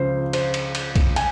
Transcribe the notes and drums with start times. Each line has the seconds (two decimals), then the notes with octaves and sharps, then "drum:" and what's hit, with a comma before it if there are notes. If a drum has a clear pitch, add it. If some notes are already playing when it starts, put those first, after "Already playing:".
Already playing: C#2 C#3 F3 C5
0.33 C5, drum: cymbal
0.54 drum: cymbal
0.75 drum: cymbal
0.96 drum: kick B1, cymbal
1.16 G#5, drum: cymbal